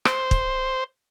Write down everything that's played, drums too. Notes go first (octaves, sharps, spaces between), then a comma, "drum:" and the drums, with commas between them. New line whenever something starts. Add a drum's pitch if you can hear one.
C5, drum: rim click
drum: kick